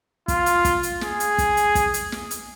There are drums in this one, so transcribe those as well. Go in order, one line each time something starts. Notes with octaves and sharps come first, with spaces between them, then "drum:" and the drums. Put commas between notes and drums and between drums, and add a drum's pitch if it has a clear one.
F4, drum: kick, hi-hat
drum: hi-hat
drum: kick, hi-hat
drum: hi-hat
G#4, drum: snare
drum: hi-hat
drum: kick, hi-hat
drum: hi-hat
drum: kick, hi-hat
drum: hi-hat
drum: snare
drum: hi-hat